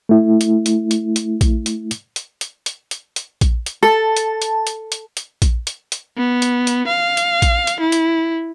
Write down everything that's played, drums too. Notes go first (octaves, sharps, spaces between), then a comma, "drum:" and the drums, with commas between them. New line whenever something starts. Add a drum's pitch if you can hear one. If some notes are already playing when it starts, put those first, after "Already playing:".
A3 E4
drum: hi-hat
drum: hi-hat
drum: hi-hat
drum: hi-hat
drum: kick A#1, hi-hat
drum: hi-hat
drum: hi-hat
drum: hi-hat
drum: hi-hat
drum: hi-hat
drum: hi-hat
drum: hi-hat
drum: kick A#1, hi-hat
drum: hi-hat
A4 A5
drum: hi-hat
drum: hi-hat
drum: hi-hat
drum: hi-hat
drum: hi-hat
drum: kick A#1, hi-hat
drum: hi-hat
drum: hi-hat
B3
drum: hi-hat
drum: hi-hat
F5
drum: hi-hat
drum: kick A#1, hi-hat
drum: hi-hat
E4
drum: hi-hat